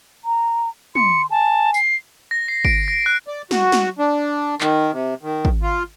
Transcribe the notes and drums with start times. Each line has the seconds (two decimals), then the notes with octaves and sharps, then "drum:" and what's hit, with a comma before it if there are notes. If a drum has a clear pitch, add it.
0.25 A#5
0.95 C6 C#7, drum: tom
1.31 G#5 A5
1.74 C7, drum: tambourine
2.31 A#6
2.48 C7
2.65 D7, drum: kick
2.88 A#6
3.06 F#6
3.27 D5
3.51 F#4, drum: snare
3.72 drum: snare
3.99 D4
4.61 D#3, drum: clap
4.92 C3
5.23 D#3
5.45 drum: kick
5.62 F4